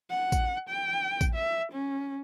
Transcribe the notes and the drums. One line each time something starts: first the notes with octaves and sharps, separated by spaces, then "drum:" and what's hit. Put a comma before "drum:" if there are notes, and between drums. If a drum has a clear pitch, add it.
F#5
drum: kick A1, tambourine
G5
drum: kick A1, tambourine
E5
C#4